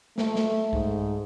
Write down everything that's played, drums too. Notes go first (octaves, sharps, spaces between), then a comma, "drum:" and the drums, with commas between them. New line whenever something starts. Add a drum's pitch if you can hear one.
A3, drum: snare
drum: snare
G#2, drum: kick C2